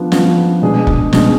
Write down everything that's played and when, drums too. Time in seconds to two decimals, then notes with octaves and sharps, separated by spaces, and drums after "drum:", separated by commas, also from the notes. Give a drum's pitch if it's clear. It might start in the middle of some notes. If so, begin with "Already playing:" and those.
Already playing: F3 B3 D4
0.12 F3 B3 D4, drum: snare
0.62 B2 G#3 D4 G#4
0.87 drum: kick
1.13 B2 G#3 D4 G#4, drum: snare